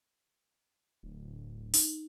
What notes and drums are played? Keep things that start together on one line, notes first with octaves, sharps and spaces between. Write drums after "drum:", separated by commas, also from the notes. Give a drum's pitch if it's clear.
D1
D#4, drum: open hi-hat